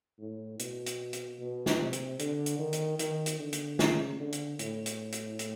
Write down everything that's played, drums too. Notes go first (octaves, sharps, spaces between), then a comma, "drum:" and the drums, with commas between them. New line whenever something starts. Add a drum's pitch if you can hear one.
A2
B2, drum: hi-hat
drum: hi-hat
drum: hi-hat
B2
drum: snare
C3
drum: hi-hat
D3, drum: hi-hat
drum: hi-hat
D#3
drum: hi-hat
D#3, drum: hi-hat
drum: hi-hat
D3
drum: hi-hat
C#3, drum: snare
D3
drum: hi-hat
A2, drum: hi-hat
drum: hi-hat
drum: hi-hat
drum: hi-hat